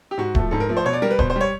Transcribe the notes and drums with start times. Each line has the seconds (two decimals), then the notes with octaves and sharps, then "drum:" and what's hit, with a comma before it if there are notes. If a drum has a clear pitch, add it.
0.11 G4
0.18 G#2 F#4
0.35 F3 A3, drum: kick D1
0.51 G#2 A4
0.60 A#4
0.69 F3 A3
0.77 C5
0.85 B2 C#5
0.93 D5
1.02 G3 A#4
1.11 B4
1.19 B2 C5, drum: kick D1
1.30 C5
1.36 G3 C#5